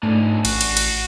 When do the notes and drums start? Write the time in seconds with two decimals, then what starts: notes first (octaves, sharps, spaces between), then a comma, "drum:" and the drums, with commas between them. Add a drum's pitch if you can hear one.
0.03 C#2 G#2 D3 A3 G#5 A5
0.45 A1 F#4, drum: cymbal
0.61 drum: cymbal
0.77 drum: cymbal